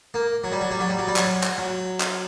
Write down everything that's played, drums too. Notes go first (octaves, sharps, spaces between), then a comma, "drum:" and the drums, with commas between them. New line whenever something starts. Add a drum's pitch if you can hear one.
A#3
F#3
G3
F#3
G3
F#3
G3
F#3
G3
F#3, drum: clap
drum: clap
F#3
drum: clap